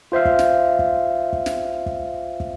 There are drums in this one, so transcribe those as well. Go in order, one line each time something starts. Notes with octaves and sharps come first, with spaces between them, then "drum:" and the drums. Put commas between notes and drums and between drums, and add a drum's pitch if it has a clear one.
F4 C5 E5 F5
drum: kick
drum: snare
drum: kick
drum: kick
drum: snare
drum: kick
drum: kick